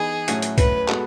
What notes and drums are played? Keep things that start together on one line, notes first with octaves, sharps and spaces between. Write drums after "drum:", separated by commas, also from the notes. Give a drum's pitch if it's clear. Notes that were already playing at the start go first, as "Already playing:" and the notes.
Already playing: E3 B3 D#4 G#4
A2 F#3 A3 C#4 F#4, drum: hi-hat
drum: hi-hat
B4, drum: kick C#2, hi-hat
G#3 B3 F#4 A4, drum: clap